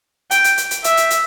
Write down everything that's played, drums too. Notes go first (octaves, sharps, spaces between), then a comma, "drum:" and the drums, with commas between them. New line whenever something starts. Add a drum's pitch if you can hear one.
G5, drum: hi-hat
drum: hi-hat
drum: hi-hat
drum: hi-hat
E5, drum: hi-hat
drum: hi-hat
drum: hi-hat